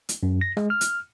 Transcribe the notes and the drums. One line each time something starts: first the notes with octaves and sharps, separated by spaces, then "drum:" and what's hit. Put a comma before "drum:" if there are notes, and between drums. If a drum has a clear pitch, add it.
drum: hi-hat
F#2
A#6
G#3, drum: rim click
F6
drum: hi-hat